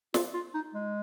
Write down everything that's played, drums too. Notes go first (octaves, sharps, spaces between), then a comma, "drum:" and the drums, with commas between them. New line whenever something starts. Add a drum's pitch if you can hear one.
F4, drum: snare
F4
D#4
G#3